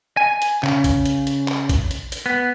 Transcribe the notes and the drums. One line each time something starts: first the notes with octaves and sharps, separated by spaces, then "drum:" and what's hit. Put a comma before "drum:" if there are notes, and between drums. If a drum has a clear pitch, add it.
G#5
drum: hi-hat
C#3, drum: clap
drum: kick, hi-hat
drum: hi-hat
drum: hi-hat
drum: clap
drum: kick, hi-hat
drum: hi-hat
drum: hi-hat
B3